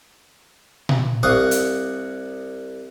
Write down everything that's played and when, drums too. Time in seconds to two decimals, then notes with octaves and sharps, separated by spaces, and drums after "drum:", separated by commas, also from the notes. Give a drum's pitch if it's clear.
0.89 drum: tom A#2
1.23 C2 F5 F#5 C#6 D#6
1.51 drum: hi-hat